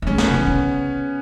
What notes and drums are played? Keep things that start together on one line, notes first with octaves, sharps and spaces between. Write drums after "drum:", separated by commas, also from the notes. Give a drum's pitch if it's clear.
B3
G#3 C#4
B3, drum: snare
C#3 C#4
E3
C#3